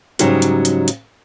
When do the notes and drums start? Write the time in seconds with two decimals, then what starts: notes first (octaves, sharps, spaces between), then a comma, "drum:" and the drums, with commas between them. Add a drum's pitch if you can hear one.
0.19 G#2 C#3 F#3 G3 D#4, drum: hi-hat
0.42 drum: hi-hat
0.65 drum: hi-hat
0.88 drum: hi-hat